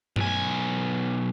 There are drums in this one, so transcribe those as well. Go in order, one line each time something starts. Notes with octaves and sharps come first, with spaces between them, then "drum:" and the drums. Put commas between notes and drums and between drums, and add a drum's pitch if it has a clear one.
B1 G#5, drum: tom G2